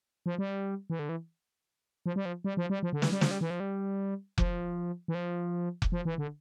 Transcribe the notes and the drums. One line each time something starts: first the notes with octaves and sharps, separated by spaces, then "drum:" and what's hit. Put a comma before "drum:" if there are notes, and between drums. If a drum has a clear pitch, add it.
F3
G3
E3
D3
E3
F3
G3
F3
G3
F3
G3
F3
D3
E3, drum: snare
G3
F3, drum: snare
G3
E3
F3
G3
F3, drum: kick F1
E3
F3
drum: kick F1
F3
E3
D3